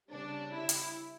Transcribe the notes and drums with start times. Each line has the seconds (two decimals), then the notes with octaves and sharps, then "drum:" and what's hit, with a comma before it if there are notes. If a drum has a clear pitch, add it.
0.11 C#3 G3 D4
0.52 E4
0.69 drum: hi-hat